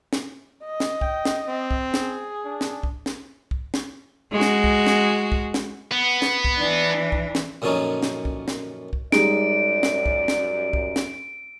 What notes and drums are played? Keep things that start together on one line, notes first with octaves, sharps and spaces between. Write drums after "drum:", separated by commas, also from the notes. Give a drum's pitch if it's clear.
drum: snare
D#5
drum: snare
G5, drum: kick
drum: snare
C4
drum: kick
G#4, drum: snare
D4
drum: snare
drum: kick
drum: snare
drum: kick
drum: snare
G#3 F#4
drum: snare
drum: kick
drum: snare
drum: kick
drum: snare
B3
drum: snare
drum: kick
E3 D4
drum: kick
drum: snare
F#2 A#2 D3 F3 C#4 D#4
drum: snare
drum: kick
drum: snare
drum: kick
F#2 G3 G#3 D#4 D5 D7, drum: snare
drum: snare
drum: kick
drum: snare
drum: kick
drum: snare